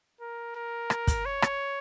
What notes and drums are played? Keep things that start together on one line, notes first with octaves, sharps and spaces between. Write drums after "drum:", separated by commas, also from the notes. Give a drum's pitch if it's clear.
A#4
A#4
drum: rim click
drum: kick, hi-hat
C#5
drum: rim click